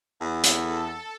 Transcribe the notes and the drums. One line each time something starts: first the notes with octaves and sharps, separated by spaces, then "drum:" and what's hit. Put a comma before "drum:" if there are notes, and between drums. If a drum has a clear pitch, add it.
E2
drum: hi-hat
A4